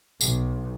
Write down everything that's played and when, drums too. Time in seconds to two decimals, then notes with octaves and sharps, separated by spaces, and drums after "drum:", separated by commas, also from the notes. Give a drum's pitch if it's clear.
0.21 B1, drum: tambourine